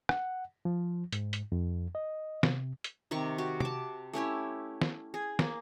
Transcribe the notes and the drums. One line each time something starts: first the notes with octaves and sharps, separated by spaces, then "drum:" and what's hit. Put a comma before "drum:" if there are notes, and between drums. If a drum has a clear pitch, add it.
F#5, drum: rim click
F3
G#2, drum: hi-hat
drum: hi-hat
F2
D#5
C3, drum: snare
drum: hi-hat
C3 D#3 G4 C#6
F#4 G4
A5 D6, drum: tom
A3 C#4 E4 G4
drum: snare
G#4
A#3, drum: snare